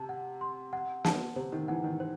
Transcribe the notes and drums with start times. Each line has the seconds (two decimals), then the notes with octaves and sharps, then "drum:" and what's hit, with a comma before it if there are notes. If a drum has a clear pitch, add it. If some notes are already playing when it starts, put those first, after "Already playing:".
Already playing: C3 A5
0.09 F#5
0.41 C6
0.73 F#5
1.04 A5, drum: snare
1.36 C3 C5
1.52 D#3
1.68 E3 F#5
1.84 D#3
2.00 C5